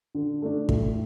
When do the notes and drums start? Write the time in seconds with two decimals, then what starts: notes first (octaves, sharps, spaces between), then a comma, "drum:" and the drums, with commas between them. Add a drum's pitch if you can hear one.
0.15 D3
0.42 A3 D4
0.69 A2, drum: kick